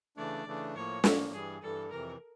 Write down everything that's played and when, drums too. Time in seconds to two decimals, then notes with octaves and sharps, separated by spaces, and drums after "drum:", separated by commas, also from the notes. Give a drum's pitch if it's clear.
0.17 C#3 E3 A3 D4 D5
0.46 C#3 E3 A3 D4
0.75 A2 F3 A#3 C#5
1.04 A2 F3 A#3, drum: snare
1.33 G2 E3 G3 G#4
1.62 G2 E3 G3 A4
1.91 F2 C3 E3 A#4